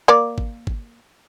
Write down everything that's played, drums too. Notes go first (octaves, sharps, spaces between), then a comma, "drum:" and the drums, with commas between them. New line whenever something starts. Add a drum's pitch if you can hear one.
A#3 D5
drum: kick
drum: kick